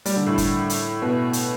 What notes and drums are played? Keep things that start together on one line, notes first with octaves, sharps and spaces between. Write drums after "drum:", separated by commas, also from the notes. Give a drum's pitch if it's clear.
G3, drum: hi-hat
D3
A2
drum: kick, hi-hat
drum: hi-hat
B2
drum: hi-hat